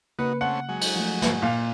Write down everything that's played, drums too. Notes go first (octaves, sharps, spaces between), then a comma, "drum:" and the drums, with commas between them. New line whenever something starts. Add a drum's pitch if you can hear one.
C#3 A#3 D#4 F#4 B4 C#7
A3 C4 C#4 F#5
F#3 G#3
drum: cymbal
F3 A3
drum: snare
A#2 F5 F#6